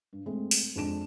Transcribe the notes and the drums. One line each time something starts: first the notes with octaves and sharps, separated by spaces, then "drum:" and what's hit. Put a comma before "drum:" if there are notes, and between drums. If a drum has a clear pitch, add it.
G2
G#3 A3 C4
drum: open hi-hat
F2 G#3 C4 D4 D7 E7